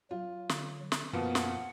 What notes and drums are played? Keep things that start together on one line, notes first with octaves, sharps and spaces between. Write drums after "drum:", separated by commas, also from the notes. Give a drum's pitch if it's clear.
F#3 F4
D3, drum: snare
drum: snare
F#2 B2 F3 A#3 B3 F#5
drum: snare